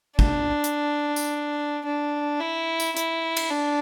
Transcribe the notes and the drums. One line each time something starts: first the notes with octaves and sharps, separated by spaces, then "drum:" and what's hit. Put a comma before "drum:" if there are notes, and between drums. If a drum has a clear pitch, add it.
D4, drum: kick
drum: hi-hat
drum: tambourine
D4
E4
drum: tambourine
E4, drum: hi-hat
drum: cymbal
D4